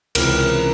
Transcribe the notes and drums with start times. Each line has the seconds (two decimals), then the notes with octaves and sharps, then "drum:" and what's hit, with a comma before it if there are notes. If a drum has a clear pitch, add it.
0.15 C#2 C3 E3 A#4, drum: cymbal